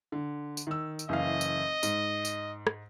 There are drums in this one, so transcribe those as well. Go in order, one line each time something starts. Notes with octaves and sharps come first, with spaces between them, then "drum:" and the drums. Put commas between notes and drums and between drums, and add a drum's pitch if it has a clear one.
D3
drum: tambourine
D#3 E6
drum: tambourine
F#1 E3 D#5 F5
drum: tambourine
G#2, drum: tambourine
drum: tambourine
drum: rim click